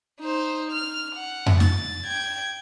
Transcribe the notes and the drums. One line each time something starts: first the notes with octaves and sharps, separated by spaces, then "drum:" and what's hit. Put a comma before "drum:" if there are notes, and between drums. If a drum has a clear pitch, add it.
D#4 C5
F6
F#5
drum: tom F2
A6, drum: snare
G5 G#6